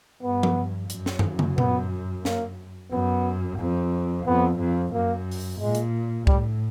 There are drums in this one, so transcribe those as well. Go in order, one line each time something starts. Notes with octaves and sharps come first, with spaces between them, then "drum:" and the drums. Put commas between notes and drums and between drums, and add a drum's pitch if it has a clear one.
G2 B3
drum: tom F3
F#2, drum: hi-hat
drum: snare
drum: tom
drum: tom
B3, drum: tom A#2
A#3, drum: snare
F#2 B3
F2
F2 B3
F2
F#2 A#3
drum: open hi-hat
A#2 G#3
drum: hi-hat
A2 G3, drum: kick C2